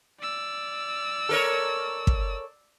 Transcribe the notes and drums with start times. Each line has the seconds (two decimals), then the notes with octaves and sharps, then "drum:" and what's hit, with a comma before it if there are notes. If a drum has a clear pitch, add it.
0.20 D5 E6
1.29 A4 A#4 C#5
2.07 drum: kick